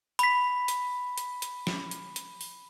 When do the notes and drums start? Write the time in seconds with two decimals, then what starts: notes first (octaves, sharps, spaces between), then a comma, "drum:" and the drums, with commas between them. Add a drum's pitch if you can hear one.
0.19 B5 B6, drum: hi-hat
0.68 drum: hi-hat
1.18 drum: hi-hat
1.42 drum: hi-hat
1.67 drum: snare
1.91 drum: hi-hat
2.16 drum: hi-hat
2.41 drum: open hi-hat